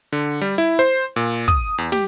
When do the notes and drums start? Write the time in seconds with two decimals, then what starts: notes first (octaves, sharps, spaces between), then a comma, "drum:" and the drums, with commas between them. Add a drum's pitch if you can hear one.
0.12 D3
0.41 G3
0.58 E4
0.79 C5
1.16 A#2
1.48 D#6, drum: kick
1.78 E2
1.92 G4, drum: snare